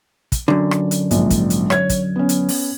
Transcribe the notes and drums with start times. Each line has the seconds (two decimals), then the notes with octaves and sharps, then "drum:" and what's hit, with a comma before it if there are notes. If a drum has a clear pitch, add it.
0.32 drum: kick, hi-hat
0.48 F#2 D3
0.71 drum: rim click
0.91 drum: hi-hat
1.11 A#1 G#2, drum: hi-hat
1.30 drum: kick, hi-hat
1.50 drum: hi-hat
1.70 C#5 G#6, drum: rim click
1.89 drum: kick, hi-hat
2.16 B3 C#4
2.29 drum: hi-hat
2.49 drum: open hi-hat